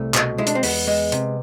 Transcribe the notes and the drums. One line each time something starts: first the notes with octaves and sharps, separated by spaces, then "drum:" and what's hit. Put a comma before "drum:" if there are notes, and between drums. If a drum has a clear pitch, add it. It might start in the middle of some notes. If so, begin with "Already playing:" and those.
Already playing: C2 A3
B2, drum: clap
G#3 E4
D4, drum: hi-hat
C4
E2 B3, drum: open hi-hat
G#3
C3, drum: hi-hat